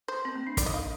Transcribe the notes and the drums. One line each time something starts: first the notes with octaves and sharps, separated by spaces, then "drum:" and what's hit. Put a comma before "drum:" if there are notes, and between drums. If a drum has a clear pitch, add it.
C5
C4
A#3
D4
D#4 D5, drum: kick, hi-hat
D#5
F5